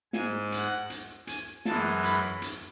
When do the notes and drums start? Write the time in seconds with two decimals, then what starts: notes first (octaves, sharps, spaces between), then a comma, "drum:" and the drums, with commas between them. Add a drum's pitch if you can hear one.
0.13 G#2 G#3 G#5, drum: snare
0.52 F#5, drum: hi-hat
0.90 drum: hi-hat
1.27 G#5, drum: hi-hat
1.65 F#2 E3 G#3 A5, drum: snare
2.03 B5, drum: hi-hat
2.42 drum: hi-hat